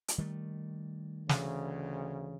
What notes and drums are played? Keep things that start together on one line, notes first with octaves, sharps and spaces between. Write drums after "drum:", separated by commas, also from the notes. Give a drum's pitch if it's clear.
drum: hi-hat
D#3 G3 A3
D2 C#3 E3, drum: snare